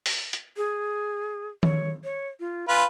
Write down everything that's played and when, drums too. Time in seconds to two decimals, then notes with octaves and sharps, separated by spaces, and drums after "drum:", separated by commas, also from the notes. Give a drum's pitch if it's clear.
0.06 drum: open hi-hat
0.33 drum: hi-hat
0.57 G#4
1.63 C#5, drum: tom D#3
2.04 C#5
2.40 F4
2.68 F4 B4 G#5